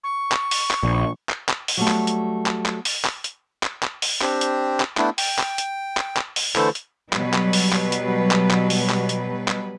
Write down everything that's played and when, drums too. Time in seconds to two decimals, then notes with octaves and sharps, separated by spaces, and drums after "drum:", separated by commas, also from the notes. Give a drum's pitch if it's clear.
0.03 C#6
0.32 drum: clap
0.51 drum: open hi-hat
0.71 drum: clap
0.83 A#1
1.29 drum: clap
1.49 drum: clap
1.68 drum: open hi-hat
1.77 F#3 G3 A3
1.88 drum: clap
2.07 drum: hi-hat
2.46 drum: clap
2.66 drum: clap
2.85 drum: open hi-hat
3.05 drum: clap
3.24 drum: hi-hat
3.63 drum: clap
3.83 drum: clap
4.02 drum: open hi-hat
4.22 C4 D4 G4 C5, drum: clap
4.41 drum: hi-hat
4.80 drum: clap
4.97 A3 B3 D4 E4, drum: clap
5.18 G5, drum: open hi-hat
5.39 drum: clap
5.58 drum: hi-hat
5.97 drum: clap
6.17 drum: clap
6.36 drum: open hi-hat
6.56 D3 E3 A3 E4 A4 C5, drum: clap
6.75 drum: hi-hat
7.13 B2 F#3 G3 B4, drum: clap
7.34 drum: clap
7.53 drum: open hi-hat
7.73 drum: clap
7.92 drum: hi-hat
8.31 drum: clap
8.51 drum: clap
8.70 drum: open hi-hat
8.90 drum: clap
9.09 drum: hi-hat
9.48 drum: clap